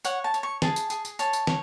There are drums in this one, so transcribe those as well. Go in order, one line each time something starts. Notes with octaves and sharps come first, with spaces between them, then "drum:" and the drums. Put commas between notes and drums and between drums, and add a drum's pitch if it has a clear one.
C#5 F#5, drum: tambourine
A5
C#5, drum: tambourine
C#6
G#4 A5, drum: snare
drum: tambourine
G#4, drum: tambourine
drum: tambourine
C#5 A5, drum: tambourine
drum: tambourine
C#5, drum: snare